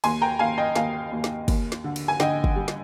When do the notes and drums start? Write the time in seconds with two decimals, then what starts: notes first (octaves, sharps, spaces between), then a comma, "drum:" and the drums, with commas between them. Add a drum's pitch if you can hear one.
0.04 D#2 G#5 C6, drum: cymbal
0.21 G5 A#5
0.39 D#2 F5 G#5
0.58 D#5 G5
0.76 D#2 F5 G#5, drum: snare
1.12 D#2
1.24 drum: snare
1.48 D#2, drum: kick, cymbal
1.72 drum: snare
1.84 D3
1.96 drum: cymbal
2.08 G#5
2.20 D3 D#5 G5, drum: snare
2.44 drum: kick
2.56 G3
2.68 drum: snare